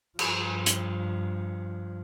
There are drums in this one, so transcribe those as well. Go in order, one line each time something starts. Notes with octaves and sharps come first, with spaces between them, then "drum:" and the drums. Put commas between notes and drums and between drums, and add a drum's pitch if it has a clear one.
G2 F3, drum: cymbal
drum: hi-hat